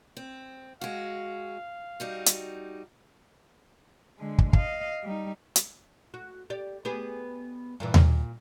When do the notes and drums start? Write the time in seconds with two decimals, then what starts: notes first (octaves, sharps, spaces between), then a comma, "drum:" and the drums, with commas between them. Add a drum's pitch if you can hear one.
0.17 C4
0.81 G#3 F#4 F5
2.00 G3 D#4 F#4
2.26 drum: hi-hat
4.19 D3 G#3
4.38 drum: kick
4.53 D#5 F5, drum: kick
5.04 G3 D#4
5.56 drum: hi-hat
6.14 F#4
6.50 G4 D5
6.85 B3 G4 G#4
7.80 G2 A#2 E3
7.94 A#2, drum: tom D#2